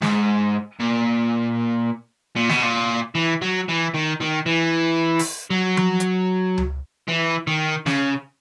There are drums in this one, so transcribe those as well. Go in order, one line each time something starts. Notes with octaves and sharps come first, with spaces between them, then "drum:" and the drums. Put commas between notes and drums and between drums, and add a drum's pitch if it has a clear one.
G#2, drum: snare
A#2
A#2
B2, drum: snare
A#2
E3
F#3
E3
D#3
D#3
E3
drum: open hi-hat
F#3
drum: tom F3
drum: hi-hat
drum: tom C#2
E3
D#3
C#3, drum: snare